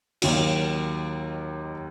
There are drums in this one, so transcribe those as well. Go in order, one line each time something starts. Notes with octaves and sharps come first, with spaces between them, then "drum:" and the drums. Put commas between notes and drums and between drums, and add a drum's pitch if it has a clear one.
D#2 D#3 F#3, drum: cymbal